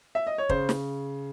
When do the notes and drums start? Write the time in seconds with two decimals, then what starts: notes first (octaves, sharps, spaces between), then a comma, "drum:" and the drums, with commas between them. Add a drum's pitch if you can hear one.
0.15 E5
0.27 D#5
0.38 C#5
0.49 C#3 C5, drum: kick
0.69 drum: snare